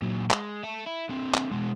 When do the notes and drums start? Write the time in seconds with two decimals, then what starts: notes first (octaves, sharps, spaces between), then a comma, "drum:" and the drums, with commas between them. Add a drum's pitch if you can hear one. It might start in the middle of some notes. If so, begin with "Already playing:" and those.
0.02 A#2 F#3
0.30 G#3, drum: clap
0.64 E5 A5
0.87 E4
1.09 D3 C4
1.34 drum: clap
1.51 B2 G#3